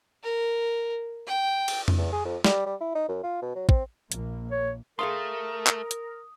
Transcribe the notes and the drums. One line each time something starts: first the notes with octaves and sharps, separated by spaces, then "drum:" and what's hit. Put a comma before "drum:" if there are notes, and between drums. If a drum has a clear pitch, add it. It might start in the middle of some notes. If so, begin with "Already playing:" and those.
A#4
G5
drum: cymbal
drum: tom F2
E2
G#4
F2
G3, drum: snare
G3
E4
D#4
F#2
F4
B2
F#3
C4, drum: kick
A#1 A#3, drum: hi-hat
C#5
A3 G#4 A#4 F5 C6 D#6
drum: clap
drum: hi-hat